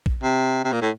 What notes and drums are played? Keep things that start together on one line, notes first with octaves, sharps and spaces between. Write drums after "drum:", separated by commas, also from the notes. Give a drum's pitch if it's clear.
drum: kick
C3
C3
A#2
A2